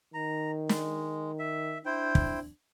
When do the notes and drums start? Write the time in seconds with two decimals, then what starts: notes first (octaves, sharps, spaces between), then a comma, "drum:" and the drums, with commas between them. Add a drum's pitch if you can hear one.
0.14 D#3 A#5
0.69 G#3, drum: snare
1.39 E5
1.85 D4 E4 C5 G5
2.15 drum: kick